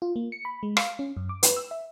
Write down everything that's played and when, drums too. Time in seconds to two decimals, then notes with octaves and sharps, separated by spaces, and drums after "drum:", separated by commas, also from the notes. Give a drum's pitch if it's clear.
0.02 F4
0.16 A#3
0.32 C#7
0.45 B5
0.63 G#3
0.77 F5, drum: rim click
0.99 C#4
1.17 F#2
1.29 D6
1.43 B4, drum: hi-hat
1.56 E6
1.71 E5